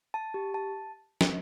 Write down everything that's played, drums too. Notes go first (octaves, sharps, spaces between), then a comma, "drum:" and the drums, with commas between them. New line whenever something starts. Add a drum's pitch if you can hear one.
A5
G4
A5
drum: snare